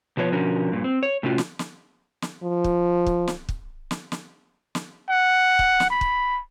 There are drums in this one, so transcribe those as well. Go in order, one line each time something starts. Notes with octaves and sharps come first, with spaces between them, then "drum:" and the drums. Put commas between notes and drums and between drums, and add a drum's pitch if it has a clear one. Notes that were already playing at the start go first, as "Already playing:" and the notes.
B2 F3 B3 C#5
B2 D3 F3 C#4 F#4 A#4
G2 A#2
C4
C#5
A2 C3 C#4 F4 F#4
drum: snare
drum: snare
drum: snare
F3
drum: kick
drum: kick
drum: snare
drum: kick
drum: snare
drum: snare
drum: snare
F#5
drum: kick
drum: snare
B5
drum: kick